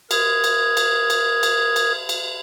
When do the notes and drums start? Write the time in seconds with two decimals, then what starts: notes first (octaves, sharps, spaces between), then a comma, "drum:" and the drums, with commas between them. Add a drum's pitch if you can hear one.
0.11 A#4 D#6 G#6, drum: cymbal
0.44 drum: cymbal
0.77 drum: cymbal
1.10 drum: cymbal
1.43 drum: cymbal
1.76 drum: cymbal
2.09 drum: cymbal